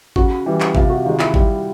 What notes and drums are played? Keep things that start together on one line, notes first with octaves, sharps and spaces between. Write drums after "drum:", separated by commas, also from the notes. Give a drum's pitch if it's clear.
C#3 F#4, drum: kick G#1
E3 G3
drum: clap
C3 F4, drum: kick G#1
F#4
D#3 G#3 F4
E4, drum: clap
G3, drum: kick G#1